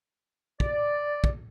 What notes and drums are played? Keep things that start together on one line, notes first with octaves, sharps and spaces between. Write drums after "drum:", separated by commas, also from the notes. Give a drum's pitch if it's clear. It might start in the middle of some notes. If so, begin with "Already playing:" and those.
D5, drum: kick
drum: kick